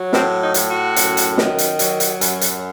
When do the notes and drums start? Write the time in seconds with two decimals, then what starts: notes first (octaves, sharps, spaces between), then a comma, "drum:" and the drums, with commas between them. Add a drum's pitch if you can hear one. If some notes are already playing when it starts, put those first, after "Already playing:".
Already playing: F#3
0.13 A2 C4, drum: snare
0.41 D#4
0.54 A2, drum: hi-hat
0.69 F#4
0.96 F#2, drum: hi-hat
1.17 drum: hi-hat
1.38 D#3, drum: snare
1.58 drum: hi-hat
1.79 F#3, drum: hi-hat
2.00 drum: hi-hat
2.21 F#2, drum: hi-hat
2.41 drum: hi-hat